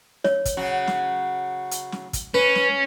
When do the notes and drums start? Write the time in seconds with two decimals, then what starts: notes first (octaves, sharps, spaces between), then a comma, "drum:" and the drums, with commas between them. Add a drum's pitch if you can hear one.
0.24 C#5, drum: snare
0.45 drum: kick, hi-hat
0.57 C#3 F#3 F#4
0.87 drum: snare
1.71 drum: hi-hat
1.92 drum: snare
2.13 drum: kick, hi-hat
2.34 C#4 B4
2.55 drum: snare